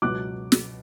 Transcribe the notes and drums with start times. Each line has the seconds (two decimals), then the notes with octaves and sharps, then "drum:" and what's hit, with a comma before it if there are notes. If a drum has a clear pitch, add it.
0.02 C#2 B2 F#3 D6 F#6
0.52 drum: snare